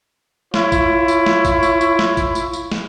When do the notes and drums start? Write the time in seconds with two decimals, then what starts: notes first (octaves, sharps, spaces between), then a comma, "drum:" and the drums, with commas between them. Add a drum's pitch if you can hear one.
0.54 E4 F4 C#5, drum: snare
0.72 drum: kick, tambourine
1.08 drum: tambourine
1.26 drum: snare
1.45 drum: kick, tambourine
1.63 drum: tambourine
1.81 drum: tambourine
1.99 drum: snare
2.17 drum: kick, tambourine
2.35 drum: tambourine
2.53 drum: tambourine
2.72 drum: snare